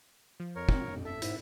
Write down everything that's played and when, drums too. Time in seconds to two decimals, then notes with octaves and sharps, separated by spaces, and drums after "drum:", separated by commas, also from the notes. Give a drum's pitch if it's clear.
0.40 F3
0.56 F2 A#4 C#5
0.69 C4, drum: kick
0.88 F2
1.05 A4 E5
1.22 G#2 E4, drum: hi-hat